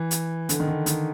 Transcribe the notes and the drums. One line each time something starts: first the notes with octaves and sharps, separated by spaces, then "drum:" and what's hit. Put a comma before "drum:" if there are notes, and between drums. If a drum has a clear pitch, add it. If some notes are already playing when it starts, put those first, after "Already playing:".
Already playing: E3
drum: hi-hat
D3, drum: hi-hat
D#3
D3
D#3, drum: hi-hat